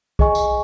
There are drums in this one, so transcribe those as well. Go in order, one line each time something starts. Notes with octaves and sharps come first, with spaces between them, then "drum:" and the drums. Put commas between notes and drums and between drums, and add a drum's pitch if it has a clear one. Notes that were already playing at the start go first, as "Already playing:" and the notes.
G#4 D#5 G#5 C#6, drum: kick
drum: tambourine